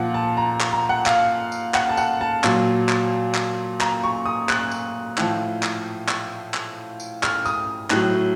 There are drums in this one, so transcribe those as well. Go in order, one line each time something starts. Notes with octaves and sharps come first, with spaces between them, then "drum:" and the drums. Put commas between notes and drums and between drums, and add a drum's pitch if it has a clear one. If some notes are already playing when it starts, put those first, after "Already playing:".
Already playing: A#2 F3 F#5
A5
A#5
drum: clap
A#5
F#5
F5, drum: clap
drum: tambourine
F#5, drum: clap
A5
F#5, drum: tambourine
A5
A#2 F#3, drum: clap
drum: clap
drum: clap
A#5, drum: clap
C#6
D#6
F#6, drum: clap
drum: tambourine
A2 F3, drum: clap
drum: clap
drum: clap
drum: clap
drum: tambourine
F6, drum: clap
D#6, drum: tambourine
A2 F#3 F#6, drum: clap